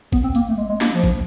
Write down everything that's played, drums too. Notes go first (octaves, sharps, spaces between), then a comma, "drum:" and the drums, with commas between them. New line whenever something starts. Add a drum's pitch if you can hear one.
B3, drum: kick G#1
C4
A#3, drum: hi-hat
A3
G#3
G#3
A#3, drum: snare
F3
drum: kick G#1